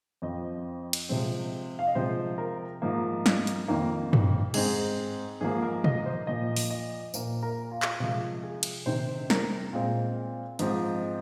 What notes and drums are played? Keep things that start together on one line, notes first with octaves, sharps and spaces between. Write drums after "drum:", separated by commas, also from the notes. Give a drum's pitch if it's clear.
F2 F3 C4 D#5
drum: cymbal
C3 F3 G#3 C4
F5
D#5
C3 F3 G#3 C4 C5
A#4
G#2 F3 A#3
drum: snare
drum: hi-hat
F2 D#3 A#3
drum: tom
G#2 G#3 C4 G#4, drum: cymbal
G#2 F3 A#3 G#4
A#4
D#5, drum: tom
C5
A#2 F3 A#3 D#5
drum: open hi-hat
D#5
A#2 A#3 C5, drum: tambourine
A#4
F4
drum: clap
C3 F3 G#3 F4
G#4
drum: cymbal
C3 D#3 C4 C5
A#4, drum: snare
A#2 G#3 C4 F4
G#2 F3 G#3 C4, drum: hi-hat